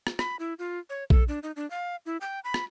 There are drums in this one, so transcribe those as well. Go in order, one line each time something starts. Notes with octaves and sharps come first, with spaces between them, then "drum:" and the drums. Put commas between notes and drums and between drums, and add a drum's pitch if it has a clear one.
drum: rim click
B5, drum: rim click
E4
F4
C#5
A4, drum: kick A#1
D4
D#4
D4
F5
E4
G5
B5
drum: rim click